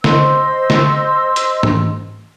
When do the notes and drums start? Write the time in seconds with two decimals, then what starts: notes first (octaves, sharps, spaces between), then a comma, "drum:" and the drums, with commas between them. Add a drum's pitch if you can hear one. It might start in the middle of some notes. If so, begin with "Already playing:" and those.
0.04 C5 D#5 C6 E6, drum: snare
0.70 drum: snare
1.36 drum: hi-hat
1.63 drum: tom G#2